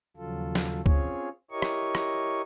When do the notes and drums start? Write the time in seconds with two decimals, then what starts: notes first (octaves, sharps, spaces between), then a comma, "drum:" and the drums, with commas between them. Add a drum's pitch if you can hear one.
0.17 D#2 C#3 F3 F#3 F4 A4
0.55 drum: snare
0.86 C4 C#4 F4 G#4 C#5, drum: kick C#2
1.51 E4 G4 A#4 C#5 D#5 C#6
1.62 drum: rim click
1.95 drum: rim click